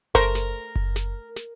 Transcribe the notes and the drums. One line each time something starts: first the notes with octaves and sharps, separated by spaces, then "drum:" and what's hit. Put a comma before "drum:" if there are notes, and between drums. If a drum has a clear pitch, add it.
A3 A#4 C5, drum: kick F#1
drum: snare
drum: kick F#1
drum: snare
drum: snare